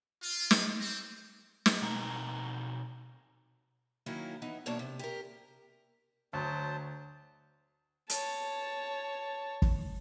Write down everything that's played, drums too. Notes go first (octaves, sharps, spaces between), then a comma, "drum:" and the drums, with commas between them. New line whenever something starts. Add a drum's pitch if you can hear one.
F4
drum: snare
C4
drum: snare
B2 C4 D#4 A#4
D#3 F#3 A#3 C#4 D#4 E4
E3 B3 D#4
F#2 B2 A#3 D4 C#5 A5
C3
G4 A#4
D2 F#3 C5 A5
C#5 A5, drum: hi-hat
drum: kick